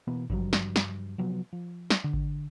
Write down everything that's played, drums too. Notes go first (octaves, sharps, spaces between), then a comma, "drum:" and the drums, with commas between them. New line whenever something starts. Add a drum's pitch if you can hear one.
B2 E3 A#3 B3
G2 C#3 F3 F#3, drum: kick G#1
drum: snare
drum: snare
C3 F3 F#3 B3
F3
drum: snare
D3
drum: kick G#1